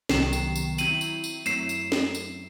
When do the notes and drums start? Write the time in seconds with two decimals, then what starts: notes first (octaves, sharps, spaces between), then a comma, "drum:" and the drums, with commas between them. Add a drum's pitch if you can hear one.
0.09 C2 C3 D#3 F#3 B3 C7 E7, drum: snare
0.33 drum: tambourine
0.55 drum: tambourine
0.78 D#3 F#3 C4 E4 D#7 F#7, drum: tambourine
1.01 drum: tambourine
1.24 drum: tambourine
1.46 F#2 F#3 A3 C4 E4 C7 E7, drum: tambourine
1.69 drum: tambourine
1.92 drum: snare
2.15 drum: tambourine